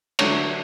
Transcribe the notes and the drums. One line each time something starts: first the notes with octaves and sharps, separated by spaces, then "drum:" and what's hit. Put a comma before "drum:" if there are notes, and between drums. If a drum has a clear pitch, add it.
D3 F#3 A3 C#5, drum: cymbal